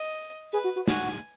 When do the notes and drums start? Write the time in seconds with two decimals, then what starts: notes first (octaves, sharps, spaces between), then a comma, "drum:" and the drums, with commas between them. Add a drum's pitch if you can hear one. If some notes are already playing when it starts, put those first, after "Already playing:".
Already playing: D#5
0.53 G#4 B4
0.64 F#4
0.76 F#4
0.88 F#4 G#5, drum: snare